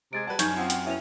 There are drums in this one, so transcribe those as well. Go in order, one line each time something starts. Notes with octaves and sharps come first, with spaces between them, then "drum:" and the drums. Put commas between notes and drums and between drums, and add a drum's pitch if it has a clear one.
C3 G#3 G#6 A6 D7
G3 F#4 B4 A5
F#2 C#4 D#4 G#5 C#6 G6 G#6, drum: hi-hat
F3 C4 F#5
G5, drum: hi-hat
B2 C#4 E4 E5 F7